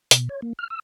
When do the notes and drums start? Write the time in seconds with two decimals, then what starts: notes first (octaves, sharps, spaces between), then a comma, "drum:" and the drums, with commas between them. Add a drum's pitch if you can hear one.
0.11 B2, drum: hi-hat
0.29 C#5
0.42 A#3
0.59 F6
0.70 E6